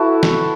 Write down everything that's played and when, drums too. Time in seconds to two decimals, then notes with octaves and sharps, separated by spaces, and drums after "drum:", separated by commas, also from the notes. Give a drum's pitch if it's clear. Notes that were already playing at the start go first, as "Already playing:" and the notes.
Already playing: E4 F#4 A4 B4
0.23 drum: snare